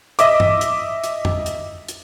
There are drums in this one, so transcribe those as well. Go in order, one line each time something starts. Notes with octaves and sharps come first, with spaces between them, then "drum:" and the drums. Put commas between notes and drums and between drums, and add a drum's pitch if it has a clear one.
D#5 E5 D6, drum: hi-hat
drum: tom G2
drum: hi-hat
drum: hi-hat
drum: tom F2
drum: hi-hat
drum: hi-hat